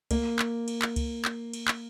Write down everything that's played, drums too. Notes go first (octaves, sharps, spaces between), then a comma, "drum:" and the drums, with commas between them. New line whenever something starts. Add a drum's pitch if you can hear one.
A#3, drum: kick C#2, cymbal
drum: clap
drum: cymbal
drum: clap
drum: kick C#2, cymbal
drum: clap
drum: cymbal
drum: clap